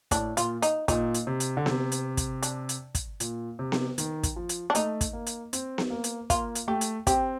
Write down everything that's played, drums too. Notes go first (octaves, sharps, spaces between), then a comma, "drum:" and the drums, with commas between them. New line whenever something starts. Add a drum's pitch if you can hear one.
A2 D4, drum: kick, hi-hat
A#2 F4, drum: hi-hat
D#4, drum: hi-hat
A#2 D#4, drum: kick, hi-hat
drum: hi-hat
C3
drum: hi-hat
D3
C3, drum: snare B3
drum: hi-hat
drum: kick, hi-hat
D4, drum: hi-hat
drum: hi-hat
drum: kick, hi-hat
A#2, drum: hi-hat
C3
drum: snare B3
D#3, drum: hi-hat
drum: kick, hi-hat
F3
drum: hi-hat
D4
A3 D#4, drum: hi-hat
drum: kick, hi-hat
A#3
drum: hi-hat
C4, drum: hi-hat
drum: snare B3
A#3
drum: hi-hat
A#3 F4, drum: kick, hi-hat
drum: hi-hat
A3 G4
drum: hi-hat
C4 G4, drum: kick, hi-hat